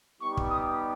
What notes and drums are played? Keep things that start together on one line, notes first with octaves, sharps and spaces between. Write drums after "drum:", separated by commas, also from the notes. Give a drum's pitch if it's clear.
G3 B3 D#4 G4 C#6
drum: kick
D#6